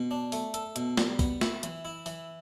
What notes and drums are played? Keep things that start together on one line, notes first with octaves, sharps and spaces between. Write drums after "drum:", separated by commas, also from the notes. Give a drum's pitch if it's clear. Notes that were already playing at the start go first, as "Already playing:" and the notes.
Already playing: B2
D4
A3, drum: open hi-hat
A4, drum: hi-hat
B2, drum: hi-hat
G3, drum: snare
B3, drum: kick, open hi-hat
E4, drum: snare
E3, drum: hi-hat
E4
E3, drum: open hi-hat